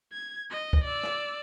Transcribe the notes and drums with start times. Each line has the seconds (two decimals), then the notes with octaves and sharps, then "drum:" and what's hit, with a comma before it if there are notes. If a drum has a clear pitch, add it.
0.13 G#6
0.50 D#5
0.73 drum: kick
0.84 D5 E6
1.03 drum: rim click